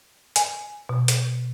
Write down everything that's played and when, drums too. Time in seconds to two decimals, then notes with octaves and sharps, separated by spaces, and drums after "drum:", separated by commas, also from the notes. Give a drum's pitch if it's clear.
0.36 G#5, drum: hi-hat
0.89 B2
1.08 drum: hi-hat